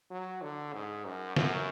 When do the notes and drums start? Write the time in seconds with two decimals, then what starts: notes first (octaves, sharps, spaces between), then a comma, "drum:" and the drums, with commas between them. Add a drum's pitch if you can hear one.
0.10 F#3
0.42 D3
0.73 G#2
1.05 F#2
1.36 F#2, drum: snare